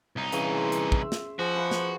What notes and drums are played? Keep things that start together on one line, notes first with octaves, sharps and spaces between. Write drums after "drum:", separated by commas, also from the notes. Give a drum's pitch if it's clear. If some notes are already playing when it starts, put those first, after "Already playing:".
C2 D#4
C#3 E3, drum: hi-hat
C5 C6
drum: hi-hat
drum: kick
E5
drum: snare
F3 F#4 G#4
G#4 B4 F5
drum: snare